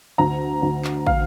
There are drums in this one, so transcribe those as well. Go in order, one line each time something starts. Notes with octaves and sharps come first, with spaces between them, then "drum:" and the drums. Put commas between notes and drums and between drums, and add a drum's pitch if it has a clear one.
D2 A#5
D2
drum: clap
F5, drum: kick